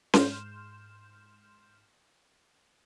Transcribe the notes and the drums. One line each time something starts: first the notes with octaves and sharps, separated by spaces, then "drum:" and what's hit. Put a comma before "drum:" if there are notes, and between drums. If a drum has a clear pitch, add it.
G#2 C6 F6 G6 E7, drum: snare C#4